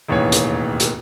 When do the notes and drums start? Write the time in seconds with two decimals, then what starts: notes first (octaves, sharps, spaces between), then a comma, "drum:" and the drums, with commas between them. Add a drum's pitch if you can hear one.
0.08 E1 A1 D#2 E3 C#5
0.32 drum: hi-hat
0.80 drum: hi-hat